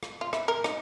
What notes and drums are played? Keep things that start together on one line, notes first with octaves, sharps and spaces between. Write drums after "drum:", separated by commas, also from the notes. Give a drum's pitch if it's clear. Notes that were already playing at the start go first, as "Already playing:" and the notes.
drum: rim click
F4
E4, drum: rim click
A#4
D#4, drum: rim click